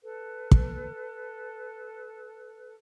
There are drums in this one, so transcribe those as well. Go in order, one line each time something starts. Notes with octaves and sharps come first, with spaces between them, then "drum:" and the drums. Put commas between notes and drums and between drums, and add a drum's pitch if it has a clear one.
A4 B4
drum: kick